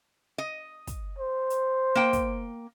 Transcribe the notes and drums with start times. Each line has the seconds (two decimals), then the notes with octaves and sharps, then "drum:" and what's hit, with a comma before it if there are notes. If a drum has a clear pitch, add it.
0.38 D#5
0.87 drum: kick, hi-hat
1.19 C5
1.50 drum: hi-hat
1.95 A#3 G5
2.13 drum: kick, hi-hat